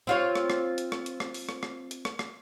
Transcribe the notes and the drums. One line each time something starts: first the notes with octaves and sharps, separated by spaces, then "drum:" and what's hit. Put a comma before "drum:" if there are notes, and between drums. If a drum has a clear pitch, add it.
C4 F4 C#5
drum: rim click
drum: rim click
drum: hi-hat
drum: rim click
drum: hi-hat
drum: rim click
drum: open hi-hat
drum: rim click
drum: rim click
drum: hi-hat
drum: rim click
drum: rim click